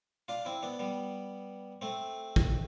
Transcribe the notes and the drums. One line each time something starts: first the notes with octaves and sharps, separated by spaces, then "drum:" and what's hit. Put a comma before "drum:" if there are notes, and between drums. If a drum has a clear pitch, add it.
D4 F4
C4 E4
B3 D4
G3 B3
A3 C4
drum: kick